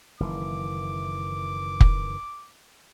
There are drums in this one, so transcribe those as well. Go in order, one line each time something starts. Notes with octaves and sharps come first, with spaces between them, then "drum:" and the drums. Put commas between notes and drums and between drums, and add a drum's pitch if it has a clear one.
F#1 D#3 E3 D6
drum: kick